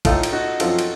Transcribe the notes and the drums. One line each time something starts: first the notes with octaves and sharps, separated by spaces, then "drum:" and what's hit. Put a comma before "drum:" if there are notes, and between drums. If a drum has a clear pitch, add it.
A2 A3 D#4 F4 A4, drum: kick, cymbal
drum: cymbal
D#4 F#4
F#2 F3 C4 F4 A4, drum: cymbal
drum: cymbal